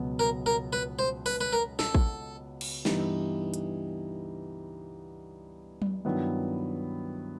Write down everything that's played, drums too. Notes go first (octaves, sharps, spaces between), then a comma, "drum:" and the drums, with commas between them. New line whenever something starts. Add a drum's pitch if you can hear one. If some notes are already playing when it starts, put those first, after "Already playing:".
Already playing: C#2 B2 F#3 B3
A#4
A#4
B4
C5
B4, drum: open hi-hat
B4
A#4
A4, drum: snare
drum: kick A1
drum: cymbal
G2 E3 G3 B3 D#4, drum: snare
drum: hi-hat
drum: tom F#3
G2 D#3 F#3 B3 E4